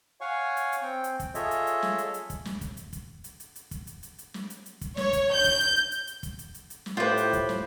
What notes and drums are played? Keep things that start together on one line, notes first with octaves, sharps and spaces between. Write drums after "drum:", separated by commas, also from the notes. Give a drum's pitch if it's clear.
C#5 F5 F#5 G#5 C#6
drum: hi-hat
drum: hi-hat
C4 G5
drum: hi-hat
drum: kick, hi-hat
F4 G#4 A4 C#5 D#5 E5, drum: hi-hat
drum: hi-hat
drum: hi-hat
drum: snare
drum: hi-hat
drum: hi-hat
drum: kick, hi-hat
drum: snare
drum: kick, hi-hat
drum: hi-hat
drum: kick, hi-hat
drum: hi-hat
drum: hi-hat
drum: hi-hat
drum: kick, hi-hat
drum: hi-hat
drum: hi-hat
drum: hi-hat
drum: snare
drum: hi-hat
drum: hi-hat
drum: kick, hi-hat
C#5, drum: snare
drum: kick, hi-hat
G6
drum: kick, hi-hat
drum: hi-hat
drum: hi-hat
drum: hi-hat
drum: hi-hat
drum: kick, hi-hat
drum: hi-hat
drum: hi-hat
drum: hi-hat
drum: snare
A2 D#4 F4 G4 B4 C5
drum: hi-hat
drum: kick, hi-hat
drum: snare